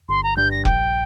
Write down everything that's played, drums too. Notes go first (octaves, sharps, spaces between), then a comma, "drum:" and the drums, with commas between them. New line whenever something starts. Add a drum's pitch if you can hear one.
G1 C6
A#5
G2 G3 G6
A#6
A#1 G5, drum: kick F1